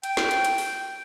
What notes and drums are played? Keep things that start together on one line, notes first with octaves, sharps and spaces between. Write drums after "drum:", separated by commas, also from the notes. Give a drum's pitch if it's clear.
G5, drum: hi-hat
drum: snare
drum: hi-hat
drum: hi-hat
drum: open hi-hat